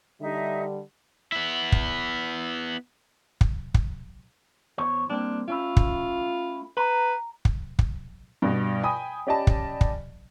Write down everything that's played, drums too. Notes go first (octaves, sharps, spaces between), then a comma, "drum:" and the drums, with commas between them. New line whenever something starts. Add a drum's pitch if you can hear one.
D3 G3 D#4 E5
B3 E4
drum: kick
drum: kick
drum: kick
E2 C5 C#5
G3 A#3 C4 D4
A3 C#4 E4 F4
drum: kick
B4 A#5
drum: kick
drum: kick
G2 B2
G5 G#5 B5 D#6
C#4 G4 D5 D#5 A5 B5
drum: kick
drum: kick